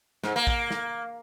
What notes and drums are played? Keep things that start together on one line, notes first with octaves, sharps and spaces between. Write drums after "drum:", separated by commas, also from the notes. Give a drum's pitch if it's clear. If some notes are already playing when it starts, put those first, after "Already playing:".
G#2, drum: snare
A#3
drum: kick
drum: snare